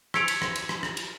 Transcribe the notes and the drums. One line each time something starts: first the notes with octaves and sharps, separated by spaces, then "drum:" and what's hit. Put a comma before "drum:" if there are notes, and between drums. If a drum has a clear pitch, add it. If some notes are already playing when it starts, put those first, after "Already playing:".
E6 G#6 B6 C#7 D7 F7, drum: rim click
drum: cymbal
drum: rim click
drum: cymbal
drum: rim click
drum: rim click
drum: cymbal